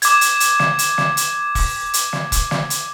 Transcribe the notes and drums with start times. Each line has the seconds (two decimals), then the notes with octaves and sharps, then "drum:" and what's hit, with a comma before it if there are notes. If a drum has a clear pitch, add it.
0.02 D6 G#6, drum: hi-hat
0.21 drum: hi-hat
0.40 drum: hi-hat
0.59 drum: snare
0.79 drum: hi-hat
0.98 drum: snare
1.17 drum: hi-hat
1.55 drum: kick E1, open hi-hat
1.94 drum: hi-hat
2.13 drum: snare
2.32 drum: kick E1, hi-hat
2.51 drum: snare
2.70 drum: hi-hat